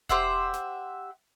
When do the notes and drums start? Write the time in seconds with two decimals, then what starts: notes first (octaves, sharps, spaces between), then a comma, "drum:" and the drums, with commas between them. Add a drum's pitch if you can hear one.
0.09 G4 C5 E5 F#5, drum: kick E1
0.54 drum: snare